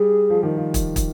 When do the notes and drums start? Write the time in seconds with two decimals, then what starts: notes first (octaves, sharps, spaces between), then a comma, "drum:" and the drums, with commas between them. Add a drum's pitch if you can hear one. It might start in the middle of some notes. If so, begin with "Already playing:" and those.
Already playing: G3 G#4
0.30 F3
0.43 D#3
0.57 F3
0.74 drum: kick, hi-hat
0.96 drum: kick, hi-hat